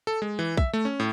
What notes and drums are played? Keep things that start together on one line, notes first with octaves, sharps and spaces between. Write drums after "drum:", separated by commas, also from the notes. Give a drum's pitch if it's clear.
A4
G#3
E3
E5, drum: kick
A3
C#4
A2